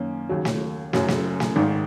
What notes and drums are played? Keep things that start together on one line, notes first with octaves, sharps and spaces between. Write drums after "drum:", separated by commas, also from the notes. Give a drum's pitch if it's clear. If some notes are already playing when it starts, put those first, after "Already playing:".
Already playing: F#2 D#3 A#3 C#4
D#2 C#3 F#3
drum: snare
F#1 F#2 C#3 F#3, drum: snare
drum: snare
drum: snare
G#1 G#2 D#3